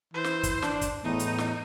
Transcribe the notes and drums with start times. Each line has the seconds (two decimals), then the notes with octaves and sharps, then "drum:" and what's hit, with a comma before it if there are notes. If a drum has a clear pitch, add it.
0.14 E3 C5
0.24 drum: snare
0.43 drum: kick, hi-hat
0.62 D4, drum: snare
0.81 drum: kick, hi-hat
1.04 E2 A2 D#4
1.19 drum: hi-hat
1.38 drum: snare